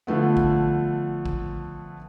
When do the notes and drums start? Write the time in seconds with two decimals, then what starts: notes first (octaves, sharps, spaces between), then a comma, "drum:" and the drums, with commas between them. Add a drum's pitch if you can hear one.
0.07 D3 F3 A3 B3
0.37 drum: kick A1
1.26 drum: kick A1